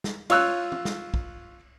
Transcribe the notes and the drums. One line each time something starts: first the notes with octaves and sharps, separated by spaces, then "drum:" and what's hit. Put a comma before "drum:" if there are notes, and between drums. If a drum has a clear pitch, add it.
drum: snare
F4 C#5 E6 F#6, drum: cymbal
drum: tom
drum: snare
drum: kick